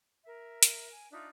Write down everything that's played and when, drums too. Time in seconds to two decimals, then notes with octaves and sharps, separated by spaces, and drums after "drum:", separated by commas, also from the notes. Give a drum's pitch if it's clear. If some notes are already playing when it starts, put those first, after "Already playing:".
0.24 A#4 E5
0.63 drum: hi-hat
0.92 G#5
1.11 D4 D#4 F4 E5